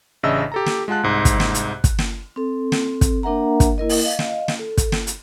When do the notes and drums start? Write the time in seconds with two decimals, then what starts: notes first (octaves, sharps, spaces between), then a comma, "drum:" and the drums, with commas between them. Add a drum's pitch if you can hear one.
0.23 A1 C#3 D4 D#5 E5 E6
0.52 G4 A4 A#5
0.66 drum: snare
0.88 G#3 F4 F#5 A5 F#6
1.03 C2 G#2
1.25 drum: kick, hi-hat
1.40 drum: snare
1.54 drum: hi-hat
1.84 drum: kick, hi-hat
1.98 drum: snare
2.36 C4 A4
2.72 drum: snare
3.01 drum: kick, hi-hat
3.23 A#3 D4 A#4 E5 F#5 A#5
3.60 drum: kick, hi-hat
3.78 A#3 E4 A#4 D#5
3.89 drum: open hi-hat
4.03 D#5 F5
4.19 drum: snare
4.48 drum: snare
4.59 A4
4.77 drum: kick, hi-hat
4.92 drum: snare
5.07 drum: hi-hat